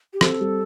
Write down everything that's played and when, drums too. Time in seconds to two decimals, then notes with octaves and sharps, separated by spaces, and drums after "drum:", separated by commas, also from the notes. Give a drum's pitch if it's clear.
0.13 G4
0.21 C4 A4, drum: rim click
0.40 G3